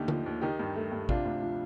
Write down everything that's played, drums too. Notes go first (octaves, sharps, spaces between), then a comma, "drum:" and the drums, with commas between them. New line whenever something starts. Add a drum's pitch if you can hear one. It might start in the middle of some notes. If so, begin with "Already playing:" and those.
Already playing: D#2 D3 A3 D#4 G4
F3, drum: tom D3
D#2
D#3 D#4 G4
G2
A3
G2
C3 D4 F4, drum: kick A1
D2
F3